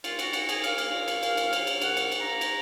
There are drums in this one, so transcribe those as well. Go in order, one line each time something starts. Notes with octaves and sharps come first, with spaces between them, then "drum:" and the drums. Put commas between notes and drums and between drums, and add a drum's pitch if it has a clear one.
A#2 F4, drum: cymbal
F#4, drum: cymbal
A#2 F#4, drum: cymbal
G#4, drum: cymbal
A#3 F5, drum: cymbal
drum: cymbal
A#2
drum: cymbal
A#2, drum: cymbal
drum: cymbal
F#3, drum: cymbal
drum: cymbal
A#2 F#5, drum: cymbal
drum: cymbal
A#3, drum: cymbal
A#5
drum: cymbal